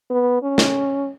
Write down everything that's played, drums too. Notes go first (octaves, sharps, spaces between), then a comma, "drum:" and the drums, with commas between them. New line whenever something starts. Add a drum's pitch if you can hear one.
B3
C#4
drum: snare